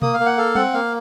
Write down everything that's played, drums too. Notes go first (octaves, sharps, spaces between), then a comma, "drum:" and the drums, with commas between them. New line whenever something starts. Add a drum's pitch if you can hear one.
A#3 D#6, drum: tom B2
F5
A#3
F#5
A4 F5
C4 F#5, drum: tom
A#3 F5